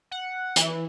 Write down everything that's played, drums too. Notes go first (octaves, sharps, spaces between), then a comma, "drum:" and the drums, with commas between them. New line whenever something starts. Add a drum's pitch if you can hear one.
F#5
E3, drum: hi-hat